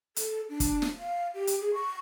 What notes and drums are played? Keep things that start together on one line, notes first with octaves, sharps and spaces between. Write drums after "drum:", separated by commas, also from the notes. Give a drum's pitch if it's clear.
A4, drum: hi-hat
D4
drum: kick, hi-hat
drum: snare
F5
G4
drum: hi-hat
G#4
C#6